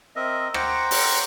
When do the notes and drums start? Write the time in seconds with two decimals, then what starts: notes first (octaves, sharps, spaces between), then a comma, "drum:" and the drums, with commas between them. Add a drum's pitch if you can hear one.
0.16 C4 A#4 D#5 E5
0.54 C5 F#5 G5 A#5 C#6 D6, drum: rim click
0.91 drum: open hi-hat